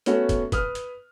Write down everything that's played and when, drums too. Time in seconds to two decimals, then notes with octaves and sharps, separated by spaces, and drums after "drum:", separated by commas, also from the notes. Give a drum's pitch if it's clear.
0.06 A3 B3 C#4 F#4, drum: hi-hat
0.29 drum: kick, hi-hat
0.52 B4 D#6 F6, drum: kick, hi-hat
0.75 drum: hi-hat